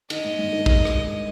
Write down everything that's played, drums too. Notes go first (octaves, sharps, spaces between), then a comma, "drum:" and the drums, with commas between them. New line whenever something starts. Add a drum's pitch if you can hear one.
D#3 D#5, drum: cymbal
G#2
G2
D#3
G#3, drum: kick
drum: rim click